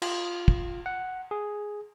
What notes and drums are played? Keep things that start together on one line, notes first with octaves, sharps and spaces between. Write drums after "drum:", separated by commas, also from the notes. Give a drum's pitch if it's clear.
F4, drum: cymbal
drum: kick
F#5
G#4